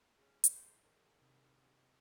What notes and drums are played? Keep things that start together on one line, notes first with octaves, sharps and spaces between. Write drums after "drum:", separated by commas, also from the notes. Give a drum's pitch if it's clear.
C#4 G#4
D#4 A4 C5, drum: hi-hat
G#2 D#3
C3